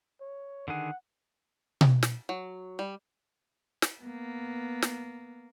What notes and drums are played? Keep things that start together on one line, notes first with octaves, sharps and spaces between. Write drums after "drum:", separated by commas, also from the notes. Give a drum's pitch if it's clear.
C#5
D3 D#3 G#4 F#5
drum: tom B2
drum: snare
F#3
G3
drum: snare
A#3 B3
drum: snare